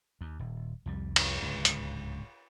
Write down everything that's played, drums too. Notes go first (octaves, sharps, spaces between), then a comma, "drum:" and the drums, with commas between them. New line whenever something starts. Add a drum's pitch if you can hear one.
D#2
D#1
C2 F2 G3
drum: cymbal
D1 C#2 G#2 D3
drum: hi-hat